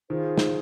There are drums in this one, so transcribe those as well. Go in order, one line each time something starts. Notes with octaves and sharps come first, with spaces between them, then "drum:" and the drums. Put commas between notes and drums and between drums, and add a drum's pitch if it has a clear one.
D#3 F4 G#4 C5
drum: snare